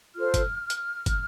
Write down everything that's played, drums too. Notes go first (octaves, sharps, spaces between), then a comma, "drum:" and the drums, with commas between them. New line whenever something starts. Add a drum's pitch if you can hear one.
F4 A4 C5 F6
drum: kick, hi-hat
drum: hi-hat
drum: kick, hi-hat